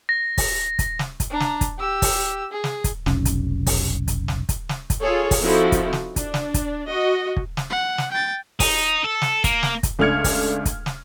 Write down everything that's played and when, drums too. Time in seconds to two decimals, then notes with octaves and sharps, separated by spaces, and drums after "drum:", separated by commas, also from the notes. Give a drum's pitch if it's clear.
0.09 A#6
0.38 drum: kick, open hi-hat
0.79 drum: kick, hi-hat
0.99 drum: snare
1.20 drum: kick, hi-hat
1.30 D4 A#5
1.40 drum: snare
1.61 drum: kick, hi-hat
1.78 G4 E6
2.02 drum: kick, open hi-hat
2.51 G#4
2.64 drum: snare
2.84 drum: kick, hi-hat
3.06 F1 B1 C#4, drum: snare
3.25 drum: kick, hi-hat
3.66 drum: kick, open hi-hat
4.08 drum: kick, hi-hat
4.28 drum: snare
4.49 drum: kick, hi-hat
4.69 drum: snare
4.90 drum: kick, hi-hat
4.99 F4 G#4 A4 C#5
5.31 drum: kick, open hi-hat
5.41 F3 C4 D#4 E4 F#4 A4
5.72 drum: kick, hi-hat
5.93 drum: snare
6.16 D4, drum: kick, hi-hat
6.34 drum: snare
6.54 drum: kick, hi-hat
6.88 F#4 D#5
7.37 drum: kick
7.57 drum: snare
7.70 F#5
7.98 drum: snare
8.12 G5 A6
8.60 D#4, drum: kick, open hi-hat
9.04 A4
9.22 drum: snare
9.44 A#3, drum: kick, hi-hat
9.63 drum: snare
9.83 drum: kick, hi-hat
9.99 C#2 A3 D4 F6 G#6 C#7
10.24 drum: kick, open hi-hat
10.65 drum: kick, hi-hat
10.86 drum: snare